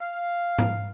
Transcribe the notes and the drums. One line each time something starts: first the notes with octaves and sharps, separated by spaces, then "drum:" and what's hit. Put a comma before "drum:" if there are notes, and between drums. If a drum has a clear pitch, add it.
F5
drum: tom G#2